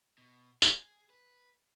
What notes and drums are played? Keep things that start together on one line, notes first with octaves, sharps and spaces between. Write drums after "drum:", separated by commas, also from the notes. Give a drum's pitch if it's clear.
B2
G#4, drum: tambourine
B4